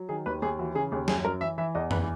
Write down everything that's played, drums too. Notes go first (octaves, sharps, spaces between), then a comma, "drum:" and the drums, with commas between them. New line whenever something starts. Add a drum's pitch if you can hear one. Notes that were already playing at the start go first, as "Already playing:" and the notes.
Already playing: F#3
D#3 G#4
D#2 B4
D#2 G#4
E3 F#4
C#3 G#4
D#2 G#4
F#2 G#4, drum: snare
F#2 A#4
E3 E5
E3 E5
E2 D#5
E3 B4, drum: tom F2